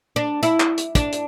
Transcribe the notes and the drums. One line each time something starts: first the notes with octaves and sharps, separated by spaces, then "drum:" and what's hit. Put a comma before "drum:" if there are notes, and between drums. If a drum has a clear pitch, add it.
D4
E4, drum: hi-hat
drum: clap
drum: hi-hat
D4, drum: kick, hi-hat
drum: hi-hat